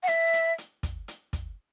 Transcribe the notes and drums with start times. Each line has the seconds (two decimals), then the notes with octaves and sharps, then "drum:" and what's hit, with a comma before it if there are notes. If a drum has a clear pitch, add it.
0.03 F#5
0.08 E5, drum: hi-hat
0.33 drum: hi-hat
0.58 drum: hi-hat
0.83 drum: kick, hi-hat
1.08 drum: hi-hat
1.33 drum: kick, hi-hat